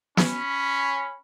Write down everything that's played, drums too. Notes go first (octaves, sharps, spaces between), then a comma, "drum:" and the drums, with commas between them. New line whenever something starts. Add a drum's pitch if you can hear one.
C#4 B5, drum: snare